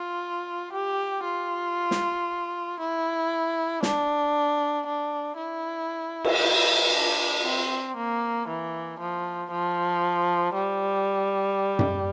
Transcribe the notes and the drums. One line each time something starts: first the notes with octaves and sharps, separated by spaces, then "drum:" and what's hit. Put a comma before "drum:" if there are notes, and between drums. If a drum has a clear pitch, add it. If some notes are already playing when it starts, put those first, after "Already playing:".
Already playing: F4
G4
F4
drum: snare
E4
D4, drum: snare
D4
E4
drum: cymbal
E4
D4
C4
A#3
E3
F3
F3
G3
drum: tom F#2